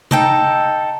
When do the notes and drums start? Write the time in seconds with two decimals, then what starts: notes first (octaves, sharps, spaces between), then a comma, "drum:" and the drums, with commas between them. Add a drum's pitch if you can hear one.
0.11 D#4 A4 G5, drum: tom C3